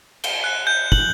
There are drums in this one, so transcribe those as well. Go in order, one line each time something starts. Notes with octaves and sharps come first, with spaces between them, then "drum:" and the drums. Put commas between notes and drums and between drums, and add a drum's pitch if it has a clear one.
G7, drum: cymbal
F#6
G6
F#7, drum: kick